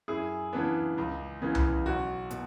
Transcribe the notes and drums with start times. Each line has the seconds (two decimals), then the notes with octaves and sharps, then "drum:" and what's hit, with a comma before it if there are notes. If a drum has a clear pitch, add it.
0.08 F#2 E4 G#4
0.53 C#3 E3 B3 D4
0.98 C#2
1.42 C#3 E3 B3
1.55 drum: tom C2
1.86 B1 F#4
2.30 B2, drum: hi-hat